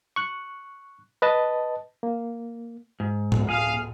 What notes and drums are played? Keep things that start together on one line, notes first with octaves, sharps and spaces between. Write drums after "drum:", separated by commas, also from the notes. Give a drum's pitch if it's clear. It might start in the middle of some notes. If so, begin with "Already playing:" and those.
C#6 F#6
B4 D#5 A5
A#3
G#2
drum: tom A2
G#4 F5